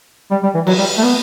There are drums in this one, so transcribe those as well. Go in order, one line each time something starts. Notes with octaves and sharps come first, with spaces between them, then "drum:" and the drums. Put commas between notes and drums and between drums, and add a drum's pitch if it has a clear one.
G3
G3
E3
F#3, drum: cymbal
G3
A3
B3